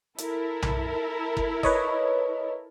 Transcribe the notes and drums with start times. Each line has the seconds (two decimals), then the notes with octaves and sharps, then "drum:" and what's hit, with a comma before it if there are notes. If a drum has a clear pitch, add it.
0.18 E4 A4 A#4, drum: hi-hat
0.62 drum: tom B1
1.37 drum: kick
1.63 B4 C#5 D#5, drum: kick